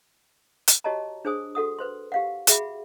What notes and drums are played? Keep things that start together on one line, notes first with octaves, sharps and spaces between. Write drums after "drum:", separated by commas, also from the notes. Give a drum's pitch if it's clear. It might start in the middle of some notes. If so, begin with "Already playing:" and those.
drum: hi-hat
F#4 G4 C#5 D#5 A5 A#5
D4 G#4 C5 G#5 D#6
F#4 A4 F#5 D#6
B4 C5 C6
G4 F5 F#5
F#4 G#4 E5 F#5 B5, drum: hi-hat